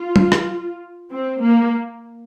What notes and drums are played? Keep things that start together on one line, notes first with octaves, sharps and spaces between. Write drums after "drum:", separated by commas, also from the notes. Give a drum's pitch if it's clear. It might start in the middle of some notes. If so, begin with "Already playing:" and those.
Already playing: F4
drum: tom F#3
drum: rim click
C4
A#3